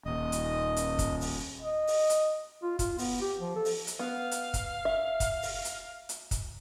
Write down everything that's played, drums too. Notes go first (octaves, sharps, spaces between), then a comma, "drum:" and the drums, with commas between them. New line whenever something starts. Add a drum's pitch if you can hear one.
D#1 D#5
drum: hi-hat
drum: hi-hat
drum: kick, hi-hat
drum: open hi-hat
D#5
drum: open hi-hat
drum: hi-hat
F4
F4, drum: kick, hi-hat
B3, drum: open hi-hat
G4
F3
A4
drum: open hi-hat
drum: hi-hat
B3 F5
drum: hi-hat
drum: kick, hi-hat
E5
drum: kick, hi-hat
drum: open hi-hat
drum: hi-hat
drum: hi-hat
drum: kick, hi-hat